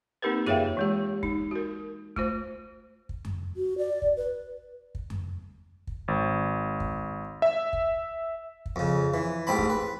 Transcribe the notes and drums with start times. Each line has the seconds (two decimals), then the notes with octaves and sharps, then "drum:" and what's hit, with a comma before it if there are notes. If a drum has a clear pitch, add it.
0.22 A#3 C4 D#4 G4 A#4 B4
0.46 F4 G#4 C#5 E5 F5 G5, drum: tom F2
0.77 E3 G#3 G4
1.23 D#4, drum: kick
1.51 F#4 A#4
2.16 A3 F4 C5, drum: kick
3.09 drum: kick
3.25 drum: tom F2
3.57 F#4
3.78 D5
4.02 drum: kick
4.17 B4
4.95 drum: kick
5.10 drum: tom F2
5.87 drum: kick
6.08 G#1
6.80 drum: kick
7.42 E5
7.73 drum: kick
8.66 drum: kick
8.76 F2 C#3
9.14 E3
9.47 A1 G#2 C4 A5 B5
9.58 drum: kick
9.70 B4